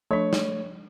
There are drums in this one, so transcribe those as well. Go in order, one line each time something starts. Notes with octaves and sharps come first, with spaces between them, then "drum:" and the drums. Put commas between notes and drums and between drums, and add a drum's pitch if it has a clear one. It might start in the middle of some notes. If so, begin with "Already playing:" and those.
F3 A3 D4 C#5
drum: snare